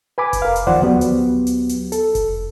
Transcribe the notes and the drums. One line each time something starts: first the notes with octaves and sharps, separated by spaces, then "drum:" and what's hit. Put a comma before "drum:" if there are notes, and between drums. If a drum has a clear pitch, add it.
B4 G#5 B5 D6
drum: kick F1, hi-hat
A#4 F5
drum: hi-hat
D#2 F3 C5 D5 F#5
D2 F#3 B3 G4
drum: hi-hat
drum: hi-hat
drum: hi-hat
A4, drum: hi-hat
drum: kick F1, hi-hat